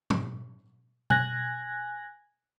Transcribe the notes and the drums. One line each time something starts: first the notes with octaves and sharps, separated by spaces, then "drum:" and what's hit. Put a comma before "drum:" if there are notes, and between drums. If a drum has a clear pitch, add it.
drum: tom
G#5 F#6 G#6 A#6, drum: tom B2